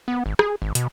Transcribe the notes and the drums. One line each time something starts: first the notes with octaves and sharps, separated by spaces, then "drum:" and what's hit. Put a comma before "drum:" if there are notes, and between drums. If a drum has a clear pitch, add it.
B3
G#1
G#4, drum: rim click
G#1
B2, drum: hi-hat